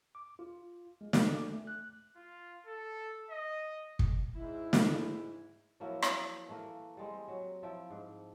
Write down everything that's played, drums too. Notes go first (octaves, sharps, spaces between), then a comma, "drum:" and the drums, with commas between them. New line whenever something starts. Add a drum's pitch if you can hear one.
D6
F4
G#3
D5, drum: snare
D6
A3
F#6
F4
A4
D#5
drum: kick
G#2 E4
drum: snare
F3 F#3 A#3 E4
drum: rim click
E3 A3 A#3 A#4
G3 G#3 C4
F#3
F3 E4 E5 G5
G#2